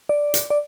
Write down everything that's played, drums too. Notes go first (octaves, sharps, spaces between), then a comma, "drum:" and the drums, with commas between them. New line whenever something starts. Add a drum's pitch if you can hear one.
D5
drum: hi-hat
D5